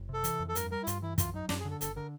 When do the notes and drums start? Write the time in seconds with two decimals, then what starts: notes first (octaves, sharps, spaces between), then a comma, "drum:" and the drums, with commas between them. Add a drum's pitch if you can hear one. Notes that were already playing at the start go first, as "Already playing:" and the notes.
Already playing: F#1
0.09 C3 A4
0.24 E3, drum: hi-hat
0.40 F2
0.49 A4
0.55 G2 A#4, drum: hi-hat
0.71 G3 A#4
0.83 E4
0.87 G2 F4, drum: hi-hat
1.02 E3 E4
1.18 F#2 F4, drum: kick, hi-hat
1.34 F#3 D#4
1.49 F#2 D4, drum: snare
1.60 G#4
1.65 D3
1.70 A4
1.81 G1 A4, drum: hi-hat
1.96 D3 A#4